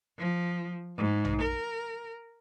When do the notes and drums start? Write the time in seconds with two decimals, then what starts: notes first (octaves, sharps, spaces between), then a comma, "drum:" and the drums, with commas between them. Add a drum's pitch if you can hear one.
0.20 F3
0.98 G#2
1.25 drum: tom A#1
1.41 A#4